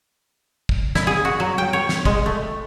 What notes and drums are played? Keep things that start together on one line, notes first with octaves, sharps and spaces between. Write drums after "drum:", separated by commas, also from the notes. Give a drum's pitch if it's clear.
drum: kick
E4, drum: snare
G#4
F#4
F#3
G5
C#5
drum: snare
G#3, drum: kick
A3